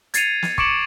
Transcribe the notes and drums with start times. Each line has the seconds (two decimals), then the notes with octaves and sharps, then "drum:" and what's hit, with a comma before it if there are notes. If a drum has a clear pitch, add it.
0.14 G#6 A6 C7 C#7 D#7 F7, drum: hi-hat
0.43 drum: snare
0.58 C#6 D6 C#7 D7 E7 F#7, drum: kick